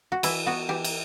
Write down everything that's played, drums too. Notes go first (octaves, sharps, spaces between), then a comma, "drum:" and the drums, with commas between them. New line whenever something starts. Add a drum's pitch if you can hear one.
F#4
E3 E4, drum: cymbal
B3 F#4
E3 G4
drum: cymbal